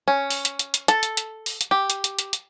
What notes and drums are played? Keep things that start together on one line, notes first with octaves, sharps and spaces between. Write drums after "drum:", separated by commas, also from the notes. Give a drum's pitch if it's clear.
C#4
drum: open hi-hat
drum: hi-hat
drum: hi-hat
drum: hi-hat
A4, drum: hi-hat
drum: hi-hat
drum: hi-hat
drum: open hi-hat
drum: hi-hat
G4
drum: hi-hat
drum: hi-hat
drum: hi-hat
drum: hi-hat